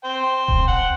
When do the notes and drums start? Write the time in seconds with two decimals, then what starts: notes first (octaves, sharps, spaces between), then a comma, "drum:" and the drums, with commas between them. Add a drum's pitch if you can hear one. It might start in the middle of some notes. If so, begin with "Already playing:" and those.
0.04 C5 G5
0.48 drum: kick D#1
0.67 F#5 G5